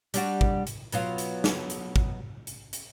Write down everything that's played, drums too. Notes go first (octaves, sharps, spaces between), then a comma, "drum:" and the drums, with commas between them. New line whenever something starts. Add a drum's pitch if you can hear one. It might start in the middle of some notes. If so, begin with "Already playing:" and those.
G3 D4 F#4, drum: hi-hat
drum: kick
drum: hi-hat
B2 F#3 F4, drum: hi-hat
drum: hi-hat
drum: snare
drum: hi-hat
drum: kick
drum: hi-hat
drum: hi-hat